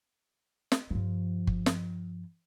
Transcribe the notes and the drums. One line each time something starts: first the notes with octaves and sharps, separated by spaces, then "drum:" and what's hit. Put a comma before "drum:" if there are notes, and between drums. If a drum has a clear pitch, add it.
drum: snare
G2 F3
drum: kick G1
drum: snare